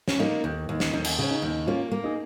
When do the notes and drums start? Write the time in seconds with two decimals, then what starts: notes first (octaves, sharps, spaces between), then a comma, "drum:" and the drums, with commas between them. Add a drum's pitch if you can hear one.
0.08 C#4, drum: snare
0.19 A#3 D#4
0.44 D#2
0.69 D#2
0.80 drum: snare
0.93 D#2 D#4
1.05 drum: cymbal
1.18 C#3 C#4
1.30 D#4
1.42 D#2
1.67 A#3 C#4 F4
1.91 A#3
2.04 D#4 G#4